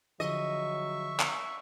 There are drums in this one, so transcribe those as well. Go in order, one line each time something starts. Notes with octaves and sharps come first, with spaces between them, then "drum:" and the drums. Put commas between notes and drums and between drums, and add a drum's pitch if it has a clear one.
D3 F3 F#3 G#4 D#5 E5 C#6
drum: clap